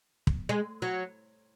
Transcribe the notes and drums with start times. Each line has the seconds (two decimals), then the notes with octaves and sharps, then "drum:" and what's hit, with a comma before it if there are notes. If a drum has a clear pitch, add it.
0.27 drum: kick
0.49 G#3
0.82 F#3